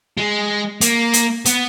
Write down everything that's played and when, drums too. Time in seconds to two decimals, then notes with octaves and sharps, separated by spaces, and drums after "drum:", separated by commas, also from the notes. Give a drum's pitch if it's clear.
0.18 G#3
0.81 A#3, drum: hi-hat
1.14 drum: hi-hat
1.45 B3, drum: hi-hat